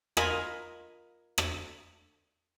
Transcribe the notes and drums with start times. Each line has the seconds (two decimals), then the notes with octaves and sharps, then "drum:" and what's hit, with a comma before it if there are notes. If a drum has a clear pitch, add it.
0.17 F4 A#4 D#5 G#5 B5, drum: rim click
1.38 drum: rim click